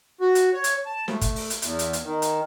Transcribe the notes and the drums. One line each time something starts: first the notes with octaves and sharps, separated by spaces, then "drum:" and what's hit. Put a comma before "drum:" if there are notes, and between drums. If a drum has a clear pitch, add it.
F#4
drum: hi-hat
C#5
drum: hi-hat
A5
A3, drum: snare
drum: kick G#1, hi-hat
drum: open hi-hat
drum: hi-hat
E2, drum: hi-hat
drum: hi-hat
drum: hi-hat
D#3
drum: hi-hat